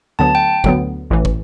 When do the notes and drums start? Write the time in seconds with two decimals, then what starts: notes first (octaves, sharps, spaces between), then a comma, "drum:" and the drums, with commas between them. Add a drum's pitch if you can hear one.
0.19 D2 D3 F#3 B3 A5
0.35 G5
0.64 D2 D3 F#3 B3, drum: kick
1.10 A1 A2 E3
1.25 drum: kick